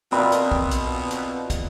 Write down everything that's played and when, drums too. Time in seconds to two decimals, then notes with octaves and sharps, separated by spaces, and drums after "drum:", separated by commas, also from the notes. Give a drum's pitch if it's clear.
0.12 B2 C4 F4 A#4 D5 D#5 B5
0.32 drum: hi-hat
0.52 drum: kick
0.71 drum: hi-hat
1.11 drum: hi-hat
1.50 drum: kick, hi-hat